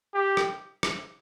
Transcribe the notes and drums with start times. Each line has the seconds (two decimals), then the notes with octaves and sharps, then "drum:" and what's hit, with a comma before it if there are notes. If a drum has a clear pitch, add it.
0.14 G4
0.37 drum: rim click
0.83 drum: rim click